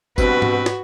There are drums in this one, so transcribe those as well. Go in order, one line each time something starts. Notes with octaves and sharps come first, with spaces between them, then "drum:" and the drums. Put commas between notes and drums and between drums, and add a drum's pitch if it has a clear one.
G2 B2 C4 F#4 B4, drum: kick, tambourine
drum: tom G#2
drum: snare